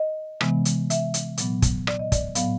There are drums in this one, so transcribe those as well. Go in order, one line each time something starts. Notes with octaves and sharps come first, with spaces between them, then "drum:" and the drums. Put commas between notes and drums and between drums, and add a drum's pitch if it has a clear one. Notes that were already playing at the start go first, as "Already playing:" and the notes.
Already playing: D#5
C3 E3 G#3 B3, drum: rim click
drum: hi-hat
E5, drum: hi-hat
drum: hi-hat
A#2 F#3 B3, drum: hi-hat
drum: kick, hi-hat
D5, drum: rim click
D#5
D5, drum: kick, hi-hat
A2 F#3 B3 F5, drum: hi-hat